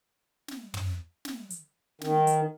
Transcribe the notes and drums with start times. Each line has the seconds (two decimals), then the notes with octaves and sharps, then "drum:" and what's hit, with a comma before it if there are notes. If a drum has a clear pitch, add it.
0.48 drum: snare
0.74 drum: tom
1.25 drum: snare
1.50 drum: hi-hat
2.01 D#3, drum: snare
2.27 drum: hi-hat